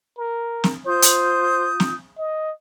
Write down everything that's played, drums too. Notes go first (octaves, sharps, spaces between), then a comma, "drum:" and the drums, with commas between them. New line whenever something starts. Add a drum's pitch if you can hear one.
A#4
drum: snare
F4 C5 D#6 G6
drum: hi-hat
drum: snare
D#5